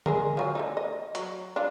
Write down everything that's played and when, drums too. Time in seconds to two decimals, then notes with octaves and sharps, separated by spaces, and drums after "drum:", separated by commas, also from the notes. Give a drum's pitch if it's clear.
0.06 G#3 G#4 A#4, drum: tom D3
0.37 F3 F#3 G#5
0.55 D3 A3 D#4
0.77 D#5
1.15 F#3, drum: hi-hat
1.56 D4 D#4 F4